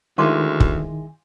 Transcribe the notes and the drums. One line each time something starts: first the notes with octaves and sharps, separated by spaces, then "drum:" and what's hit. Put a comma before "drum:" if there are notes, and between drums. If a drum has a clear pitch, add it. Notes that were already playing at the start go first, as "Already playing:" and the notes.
D2 D#3 G#3 E4 F5 C6 D6
drum: kick